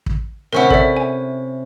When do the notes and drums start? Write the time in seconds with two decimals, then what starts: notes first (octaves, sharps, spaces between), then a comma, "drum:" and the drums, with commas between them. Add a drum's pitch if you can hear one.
0.06 drum: kick
0.53 C3 C#4 E4 A#4 F#5
0.70 A4 D5 E5, drum: kick
0.97 G#5